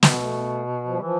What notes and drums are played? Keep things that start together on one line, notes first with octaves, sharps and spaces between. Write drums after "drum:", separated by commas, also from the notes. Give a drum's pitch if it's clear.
B2 B3, drum: snare
A3
F3
G3
E3 F3